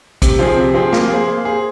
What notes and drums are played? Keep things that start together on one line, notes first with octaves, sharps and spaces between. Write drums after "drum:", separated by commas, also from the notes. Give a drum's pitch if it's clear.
C3, drum: kick A#1, hi-hat
F3 C4 G#4
C3
F3 C4 G#4
A#3, drum: snare
G#4 C5
A#3
G#4 C5